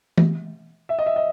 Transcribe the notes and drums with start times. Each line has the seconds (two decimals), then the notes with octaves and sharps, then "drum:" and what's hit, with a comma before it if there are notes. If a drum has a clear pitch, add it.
0.18 drum: tom E3
0.89 E5
0.99 D#5
1.06 E5
1.16 D#5